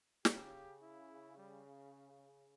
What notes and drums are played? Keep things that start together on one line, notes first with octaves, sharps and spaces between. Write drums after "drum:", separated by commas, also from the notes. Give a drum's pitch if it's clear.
C#3 G4, drum: snare
E4
G3